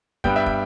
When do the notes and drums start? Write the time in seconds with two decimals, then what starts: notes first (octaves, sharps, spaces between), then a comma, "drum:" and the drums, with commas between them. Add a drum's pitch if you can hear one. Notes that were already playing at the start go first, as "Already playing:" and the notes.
0.24 G2 G3 B3 G5, drum: kick
0.36 E5
0.46 G5, drum: kick